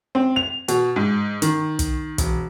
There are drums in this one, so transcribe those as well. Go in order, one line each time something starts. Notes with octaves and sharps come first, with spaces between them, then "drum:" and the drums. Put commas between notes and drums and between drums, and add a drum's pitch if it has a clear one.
C4
F7
B2, drum: hi-hat
G#2
D#3, drum: hi-hat
drum: kick, hi-hat
E1, drum: kick, hi-hat